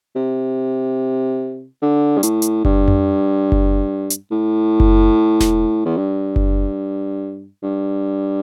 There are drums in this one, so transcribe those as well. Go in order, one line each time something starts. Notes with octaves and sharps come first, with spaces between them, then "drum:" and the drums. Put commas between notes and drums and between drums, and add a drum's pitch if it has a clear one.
C3
D3
G2
A2, drum: hi-hat
drum: hi-hat
G2, drum: kick F#1
drum: tom F2
drum: kick F#1
drum: hi-hat
A2
drum: kick F#1
drum: snare E1
E2
G2
drum: kick F#1
G2